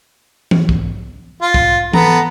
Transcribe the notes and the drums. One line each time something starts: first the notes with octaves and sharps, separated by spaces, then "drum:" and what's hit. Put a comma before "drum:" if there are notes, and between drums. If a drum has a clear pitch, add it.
drum: tom E3
drum: kick
F4
drum: kick
B3 A4 A#5, drum: tom E3